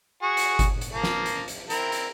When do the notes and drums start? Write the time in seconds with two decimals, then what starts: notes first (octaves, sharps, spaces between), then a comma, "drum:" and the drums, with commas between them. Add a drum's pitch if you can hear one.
0.22 F#4 G#4
0.37 drum: hi-hat
0.59 drum: kick G1, hi-hat
0.81 drum: hi-hat
0.92 F3 A#3
1.03 drum: snare
1.26 drum: hi-hat
1.48 drum: hi-hat
1.70 C4 E4 A#4, drum: hi-hat
1.92 drum: hi-hat